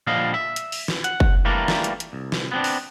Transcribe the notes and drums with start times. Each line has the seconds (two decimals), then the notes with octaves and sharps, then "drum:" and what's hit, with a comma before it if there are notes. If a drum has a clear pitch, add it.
0.07 A#2 D3 F3 G3 D#5 F5
0.34 E5
0.56 drum: hi-hat
0.72 drum: open hi-hat
0.88 drum: snare
1.04 F#5, drum: hi-hat
1.20 drum: kick F#1
1.45 E3 G3 A3 A#3 D4 A#4
1.68 drum: snare
1.84 drum: hi-hat
2.00 drum: hi-hat
2.13 C2
2.32 drum: snare
2.52 B3 C4 D4
2.64 drum: open hi-hat